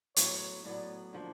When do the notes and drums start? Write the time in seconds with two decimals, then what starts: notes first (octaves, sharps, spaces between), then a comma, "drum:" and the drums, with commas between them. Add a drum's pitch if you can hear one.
0.16 A2 F#3 B3 C#5, drum: hi-hat
0.65 A2 F#3 B3 D5
1.13 D3 F3 A#3